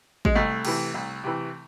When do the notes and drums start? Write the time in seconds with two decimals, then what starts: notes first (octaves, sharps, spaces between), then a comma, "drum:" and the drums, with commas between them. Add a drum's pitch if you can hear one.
0.25 G#3, drum: kick
0.35 C2 A3
0.65 C3 E3, drum: cymbal
0.94 C2
1.24 C3 E3